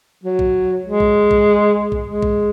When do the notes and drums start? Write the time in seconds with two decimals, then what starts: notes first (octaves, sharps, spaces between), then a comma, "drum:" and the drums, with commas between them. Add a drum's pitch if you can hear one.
0.24 F#3
0.39 drum: kick
0.85 G#3
1.00 drum: kick
1.31 drum: kick
1.92 drum: kick
2.07 G#3
2.22 drum: kick